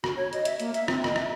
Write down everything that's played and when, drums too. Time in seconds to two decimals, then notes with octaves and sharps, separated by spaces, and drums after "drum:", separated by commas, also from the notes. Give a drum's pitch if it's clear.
0.04 F#4, drum: rim click
0.16 C#5
0.33 D#5, drum: hi-hat
0.45 E5, drum: hi-hat
0.60 A#3, drum: hi-hat
0.74 E5, drum: hi-hat
0.88 C4, drum: rim click
1.04 D#5, drum: rim click
1.16 E5, drum: rim click